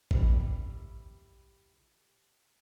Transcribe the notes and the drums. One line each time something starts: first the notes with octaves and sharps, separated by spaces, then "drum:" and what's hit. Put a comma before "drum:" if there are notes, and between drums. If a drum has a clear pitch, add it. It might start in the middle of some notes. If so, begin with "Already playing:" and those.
G3 E4, drum: kick A1